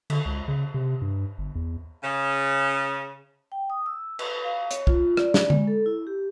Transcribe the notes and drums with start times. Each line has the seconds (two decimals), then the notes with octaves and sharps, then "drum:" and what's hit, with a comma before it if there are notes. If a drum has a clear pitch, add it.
0.10 D3, drum: cymbal
0.26 C#2
0.48 C#3
0.74 C3
1.02 G2
1.38 G1
1.55 E2
2.04 C#3
3.52 G5
3.70 D#6
3.86 E6
4.19 B4, drum: cymbal
4.43 F5
4.71 C#5, drum: hi-hat
4.87 F4, drum: kick
5.17 D5, drum: rim click
5.34 drum: snare
5.50 G#3, drum: tom D3
5.67 A4
5.86 E4
6.07 G4